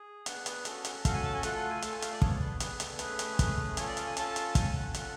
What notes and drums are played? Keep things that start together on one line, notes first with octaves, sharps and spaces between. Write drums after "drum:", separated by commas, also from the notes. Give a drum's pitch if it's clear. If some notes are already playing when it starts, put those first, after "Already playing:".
Already playing: G#4
B3 D4 G#4 F#5, drum: hi-hat
B4, drum: hi-hat
C#4 F#4 A4, drum: hi-hat
A4, drum: hi-hat
C#4 F#4 A4 F5, drum: kick, hi-hat
G#5
A5
G#5
A3 F4 A4 F#5, drum: hi-hat
F#5
G#5
A3 F4 A4 A5, drum: hi-hat
G#5
F5, drum: hi-hat
D5
B3 D4 G#4 C#5, drum: kick
A4
B4
B3 D4 G#4 B4, drum: hi-hat
A4, drum: hi-hat
A3 C#4 G#4 B4, drum: hi-hat
drum: hi-hat
A3 C#4 G#4, drum: kick, hi-hat
C#4 F4 A4 C#5, drum: hi-hat
D5
F5, drum: hi-hat
G#5
C#4 F4 A4 A5, drum: hi-hat
drum: hi-hat
C#4 F4 A4 G#5, drum: kick, hi-hat
F#5
C#4 F4 A4 F#5, drum: hi-hat